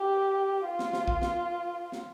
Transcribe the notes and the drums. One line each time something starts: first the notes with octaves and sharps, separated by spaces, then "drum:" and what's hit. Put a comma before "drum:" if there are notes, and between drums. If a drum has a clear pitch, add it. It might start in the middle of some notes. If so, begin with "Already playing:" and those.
Already playing: G4
F4
drum: snare
drum: snare
drum: kick
drum: snare
drum: snare